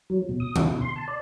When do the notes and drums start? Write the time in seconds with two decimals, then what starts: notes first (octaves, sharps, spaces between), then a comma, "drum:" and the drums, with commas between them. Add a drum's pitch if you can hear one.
0.10 F#3
0.29 B2
0.40 D#6
0.56 D3, drum: tom
0.68 B2
0.81 C6
0.96 A5
1.08 D5